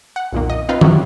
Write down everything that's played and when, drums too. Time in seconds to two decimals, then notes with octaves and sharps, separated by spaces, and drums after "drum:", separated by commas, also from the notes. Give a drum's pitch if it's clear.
0.16 F#5
0.32 B1 F2 A#2 D#3 A#3
0.50 D#5
0.69 C4 D#4 F4 B4 F5
0.81 G2 C#3 F#3 G3 E4 F#4, drum: tom